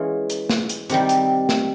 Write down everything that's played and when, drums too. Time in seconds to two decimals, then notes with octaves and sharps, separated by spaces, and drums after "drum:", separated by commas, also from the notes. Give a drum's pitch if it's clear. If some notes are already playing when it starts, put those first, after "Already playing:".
Already playing: E3 G#3 C#4 F4
0.30 drum: hi-hat
0.50 drum: snare
0.69 drum: hi-hat
0.90 C3 D#3 G3, drum: hi-hat
1.09 drum: hi-hat
1.49 drum: snare